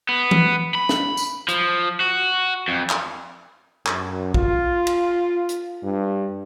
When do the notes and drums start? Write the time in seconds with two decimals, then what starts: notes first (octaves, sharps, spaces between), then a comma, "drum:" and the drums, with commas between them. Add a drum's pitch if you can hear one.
0.09 B3
0.31 drum: tom E3
0.75 B5
0.89 drum: snare
1.17 drum: tambourine
1.48 F3, drum: hi-hat
2.01 F#4
2.68 F2
2.90 drum: clap
3.86 F#2, drum: clap
4.34 F4, drum: kick
4.87 drum: cymbal
5.49 drum: hi-hat
5.83 G2